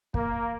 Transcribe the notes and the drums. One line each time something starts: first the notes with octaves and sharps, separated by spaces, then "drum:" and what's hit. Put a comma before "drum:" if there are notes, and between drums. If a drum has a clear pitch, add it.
A#3, drum: kick